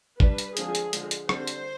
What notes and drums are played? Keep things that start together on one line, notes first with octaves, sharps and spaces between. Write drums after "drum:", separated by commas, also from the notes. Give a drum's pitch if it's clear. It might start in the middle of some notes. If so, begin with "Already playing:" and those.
G3 D4 B4, drum: kick G#1
drum: hi-hat
D3 F3 G#3 C4 G#4, drum: hi-hat
drum: hi-hat
D3 F3 G#3, drum: hi-hat
drum: hi-hat
D3 G3 C4 C5, drum: rim click
drum: hi-hat